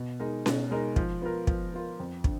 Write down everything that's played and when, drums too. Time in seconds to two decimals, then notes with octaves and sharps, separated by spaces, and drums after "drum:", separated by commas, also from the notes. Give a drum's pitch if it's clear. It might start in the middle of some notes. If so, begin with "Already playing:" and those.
Already playing: B2
0.20 G#3 D#4 A#4
0.46 B2, drum: snare C#4
0.71 G#3 D#4 A#4
0.96 F3, drum: kick
1.22 B3 F4 A#4
1.47 F3, drum: kick
1.73 B3 F4 A#4
2.00 F2
2.24 D3, drum: kick